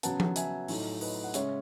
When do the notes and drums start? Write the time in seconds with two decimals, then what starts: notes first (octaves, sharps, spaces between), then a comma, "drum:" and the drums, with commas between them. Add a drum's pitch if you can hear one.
0.03 C#3 F#3 B3 F#5 A5, drum: hi-hat
0.20 drum: tom F3
0.36 E5 G#5, drum: hi-hat
0.68 A2 F#3 A3 D#4, drum: open hi-hat
1.01 B4 D#5, drum: open hi-hat
1.24 F#5
1.34 C#3 G#3 C#4 C#5 E5, drum: hi-hat